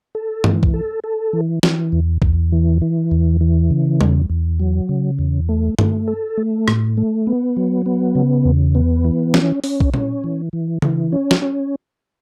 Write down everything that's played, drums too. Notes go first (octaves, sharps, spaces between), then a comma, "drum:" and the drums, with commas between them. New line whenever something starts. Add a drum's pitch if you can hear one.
A4
E3, drum: tom G2
drum: kick B1
A4
A4
E3
E3, drum: snare
E2
E2, drum: kick B1
E3
E3
E2
E3
C#3
E2, drum: tom G3
E2
F#3
C#3
E2
A3
A3, drum: tom G2
A4
A3
A2, drum: rim click
A3
B3
F#3
B3
C#3
E2
B3
E3
C#4, drum: snare
C#4, drum: open hi-hat
drum: kick B1
C#4, drum: tom A#2
E3
E3
E3, drum: tom C#3
C#4
drum: snare
C#4